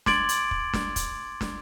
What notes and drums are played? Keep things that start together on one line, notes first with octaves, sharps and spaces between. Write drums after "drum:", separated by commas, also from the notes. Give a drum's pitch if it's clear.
C6 D6 G#6 A6 D7 F#7, drum: snare
drum: hi-hat
drum: kick
drum: snare
drum: kick, hi-hat
drum: snare